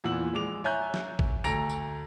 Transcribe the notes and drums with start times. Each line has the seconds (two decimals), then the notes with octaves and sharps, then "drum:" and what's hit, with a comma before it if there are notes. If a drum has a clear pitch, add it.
0.04 E2 A#2 E3 F#5 E6 F#7
0.33 A#1 G#3 D6 F7
0.64 C#5 E5 G#5 A#5 F#6 G6
0.94 drum: snare
1.19 drum: kick A1
1.44 D2 A4 A#5 A#6 D7 F7, drum: tambourine
1.69 drum: tambourine